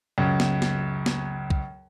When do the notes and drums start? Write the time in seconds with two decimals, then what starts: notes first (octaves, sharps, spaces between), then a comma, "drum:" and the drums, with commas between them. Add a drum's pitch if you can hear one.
0.18 C#2 F#2
0.40 drum: snare
0.62 drum: snare
1.06 drum: snare
1.50 drum: kick